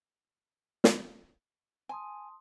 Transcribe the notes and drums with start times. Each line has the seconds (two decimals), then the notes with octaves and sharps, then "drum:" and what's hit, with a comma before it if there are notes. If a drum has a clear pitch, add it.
0.84 drum: snare
1.89 G#5 A5 C6 D#6